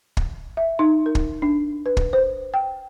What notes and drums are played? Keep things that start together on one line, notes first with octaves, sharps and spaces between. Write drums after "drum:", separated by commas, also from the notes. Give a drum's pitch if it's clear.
drum: kick
E5
D#4
A#4
drum: kick
D4
B4
drum: kick
C5
G5